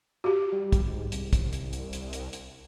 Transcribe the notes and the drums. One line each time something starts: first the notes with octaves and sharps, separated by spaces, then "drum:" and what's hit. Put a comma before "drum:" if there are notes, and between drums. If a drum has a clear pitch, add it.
F#4 G4
G3
drum: kick, hi-hat
G#2
C2, drum: hi-hat
drum: kick, hi-hat
drum: hi-hat
drum: hi-hat
drum: hi-hat
drum: hi-hat
drum: hi-hat